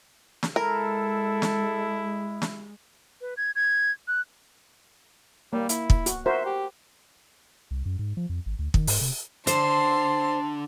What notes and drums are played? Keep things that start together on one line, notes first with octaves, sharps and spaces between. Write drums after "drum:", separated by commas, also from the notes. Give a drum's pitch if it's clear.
drum: snare
G#3 E4 A4 A#4
drum: snare
drum: snare
B4
G#6
G#6
F#6
G3 A#3
E4, drum: hi-hat
drum: kick
F#4, drum: hi-hat
F#4 A#4 C5 E5
G4
C2
F#2
G#2
F3
F2
G#1
D2
D#3, drum: kick
G#2, drum: open hi-hat
C3
D3 C5 A5 C6, drum: hi-hat